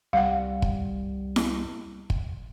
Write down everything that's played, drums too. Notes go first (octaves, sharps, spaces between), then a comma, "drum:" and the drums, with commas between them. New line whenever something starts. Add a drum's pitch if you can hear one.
C2 G3 F5 F#5
drum: kick
drum: snare E4
drum: kick